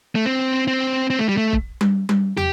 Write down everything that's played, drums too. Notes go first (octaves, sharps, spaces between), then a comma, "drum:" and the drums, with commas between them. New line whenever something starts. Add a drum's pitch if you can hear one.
A3
C4
C4
C4
A3
G3
A3
drum: kick
drum: tom G3
drum: tom G3
G4, drum: tom